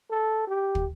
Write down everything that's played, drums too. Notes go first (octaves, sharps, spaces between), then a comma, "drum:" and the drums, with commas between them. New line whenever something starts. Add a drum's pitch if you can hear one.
A4
G4
drum: kick